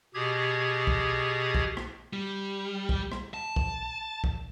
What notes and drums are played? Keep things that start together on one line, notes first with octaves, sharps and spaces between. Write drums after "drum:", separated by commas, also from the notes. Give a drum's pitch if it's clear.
B2 G4 G#4 G#6
drum: kick
drum: kick
drum: rim click
G3
drum: kick
drum: rim click
A5
drum: kick
drum: kick